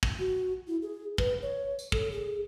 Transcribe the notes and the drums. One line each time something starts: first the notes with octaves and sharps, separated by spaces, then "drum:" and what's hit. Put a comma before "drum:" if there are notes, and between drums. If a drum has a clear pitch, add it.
drum: kick
F#4
E4
G#4
B4, drum: kick
C#5
drum: tambourine
A4, drum: kick
G#4